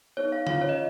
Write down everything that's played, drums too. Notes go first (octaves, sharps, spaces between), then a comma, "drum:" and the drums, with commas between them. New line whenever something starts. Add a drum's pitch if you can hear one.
B3 D#4 G#4 C#5
F5
C#4 F4 G#4 F5, drum: tom D3
C#5
D#5